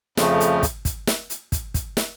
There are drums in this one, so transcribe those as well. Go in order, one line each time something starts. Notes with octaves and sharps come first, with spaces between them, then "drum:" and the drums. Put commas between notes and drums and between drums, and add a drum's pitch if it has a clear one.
F2 C#3 F3 A3, drum: snare
drum: hi-hat
drum: kick, hi-hat
drum: kick, hi-hat
drum: snare
drum: hi-hat
drum: kick, hi-hat
drum: kick, hi-hat
drum: snare